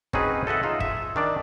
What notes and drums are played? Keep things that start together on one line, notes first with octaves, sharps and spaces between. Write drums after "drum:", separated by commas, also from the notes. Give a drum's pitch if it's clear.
C4 C#4 D#4 F#4 G#4 B4, drum: kick
A4 D#5 E5 F#5
D#4 F4 G#4
E5, drum: kick
D#3 D4 D5